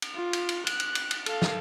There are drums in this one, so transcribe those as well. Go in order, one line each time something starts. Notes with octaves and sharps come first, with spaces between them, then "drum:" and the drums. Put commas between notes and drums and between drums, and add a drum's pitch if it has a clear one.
drum: cymbal
F4
drum: cymbal
drum: cymbal
F#6, drum: cymbal
drum: cymbal
drum: cymbal
drum: cymbal
A4 F5, drum: cymbal
drum: snare